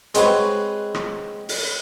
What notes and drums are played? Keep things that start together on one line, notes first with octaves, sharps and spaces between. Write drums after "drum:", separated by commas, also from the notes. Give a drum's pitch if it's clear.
G#3 C4 F#4 B4 C#5, drum: hi-hat
drum: rim click
drum: open hi-hat